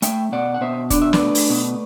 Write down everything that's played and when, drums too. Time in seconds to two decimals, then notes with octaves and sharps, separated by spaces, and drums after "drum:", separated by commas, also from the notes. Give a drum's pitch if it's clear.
0.02 A3 E5 G5, drum: hi-hat
0.32 B2 D5 F#5
0.54 F#5
0.61 B2 C5 E5
0.90 D4 D5, drum: kick, hi-hat
1.02 E5
1.13 B4 D5, drum: snare
1.19 A3
1.35 drum: open hi-hat
1.50 B2